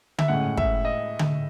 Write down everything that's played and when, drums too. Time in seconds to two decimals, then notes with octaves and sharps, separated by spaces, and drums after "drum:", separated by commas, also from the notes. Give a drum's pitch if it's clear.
0.19 E5, drum: tom D3
0.28 A2 G#3 C#4 F#5
0.57 E5, drum: kick
0.85 D#5
1.19 drum: tom D3